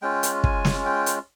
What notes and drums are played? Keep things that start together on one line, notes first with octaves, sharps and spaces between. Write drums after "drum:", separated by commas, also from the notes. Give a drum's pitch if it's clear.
G#3 C#4 F4 G5
drum: hi-hat
G#5, drum: kick
drum: snare
G5
drum: hi-hat